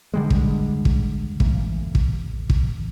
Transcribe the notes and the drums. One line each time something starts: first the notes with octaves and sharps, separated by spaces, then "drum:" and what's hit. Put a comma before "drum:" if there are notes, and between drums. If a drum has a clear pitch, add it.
D3 G3 G#3
drum: kick
drum: kick
A1 E3 A#3, drum: kick
drum: kick
drum: kick